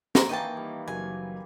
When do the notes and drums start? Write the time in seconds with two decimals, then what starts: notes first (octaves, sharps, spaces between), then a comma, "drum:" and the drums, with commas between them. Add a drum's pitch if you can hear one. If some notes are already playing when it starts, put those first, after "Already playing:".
0.15 A#4 C5 A#5 C#6, drum: snare
0.29 D#3 E3 A#3 D#5 G5 A5
0.57 G3
0.88 F#1 F#3 G#5